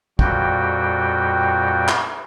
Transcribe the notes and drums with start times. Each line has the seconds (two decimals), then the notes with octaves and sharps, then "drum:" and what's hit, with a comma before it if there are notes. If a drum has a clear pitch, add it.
0.19 F2 A#2 G3 F#4 G5, drum: kick
1.88 drum: clap